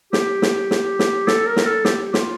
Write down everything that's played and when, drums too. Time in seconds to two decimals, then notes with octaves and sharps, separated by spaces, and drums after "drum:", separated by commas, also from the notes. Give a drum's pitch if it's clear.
0.13 G4, drum: snare
0.42 drum: snare
0.71 drum: snare
0.99 drum: snare
1.27 A4, drum: snare
1.47 A#4
1.56 drum: snare
1.65 A4
1.85 G4, drum: snare
2.14 F4, drum: snare